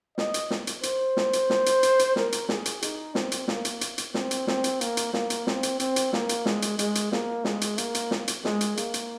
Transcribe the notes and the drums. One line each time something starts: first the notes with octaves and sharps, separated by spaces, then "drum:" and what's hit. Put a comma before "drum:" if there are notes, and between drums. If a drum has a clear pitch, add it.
D#5, drum: snare
drum: hi-hat
drum: snare
drum: hi-hat
C5, drum: hi-hat
drum: snare
drum: hi-hat
drum: snare
drum: hi-hat
drum: hi-hat
drum: hi-hat
A#4, drum: snare
drum: hi-hat
G#4, drum: snare
drum: hi-hat
D#4, drum: hi-hat
C4, drum: snare
drum: hi-hat
A#3, drum: snare
drum: hi-hat
drum: hi-hat
drum: hi-hat
C4, drum: snare
drum: hi-hat
C4, drum: snare
drum: hi-hat
A#3, drum: hi-hat
drum: hi-hat
A#3, drum: snare
drum: hi-hat
C4, drum: snare
drum: hi-hat
C4, drum: hi-hat
drum: hi-hat
A#3, drum: snare
drum: hi-hat
G#3, drum: snare
drum: hi-hat
G#3, drum: hi-hat
drum: hi-hat
A#3, drum: snare
G#3, drum: snare
drum: hi-hat
A#3, drum: hi-hat
drum: hi-hat
drum: snare
drum: hi-hat
G#3, drum: snare
drum: hi-hat
A#3, drum: hi-hat
drum: hi-hat